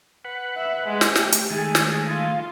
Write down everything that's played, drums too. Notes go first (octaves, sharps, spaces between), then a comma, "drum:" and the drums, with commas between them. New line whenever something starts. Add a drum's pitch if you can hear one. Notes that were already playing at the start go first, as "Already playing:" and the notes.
B4 F#5
E5
G#3
drum: snare
A3 G4, drum: snare
drum: hi-hat
D#3 G#3 A3 G#4
drum: snare
F4